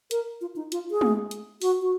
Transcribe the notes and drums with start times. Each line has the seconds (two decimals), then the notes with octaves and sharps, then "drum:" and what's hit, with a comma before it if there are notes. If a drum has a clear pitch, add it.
0.11 A#4, drum: hi-hat
0.41 F4
0.56 D#4
0.72 F4, drum: hi-hat
0.91 G#4
1.01 drum: tom G#3
1.31 drum: hi-hat
1.62 F#4, drum: open hi-hat
1.82 F#4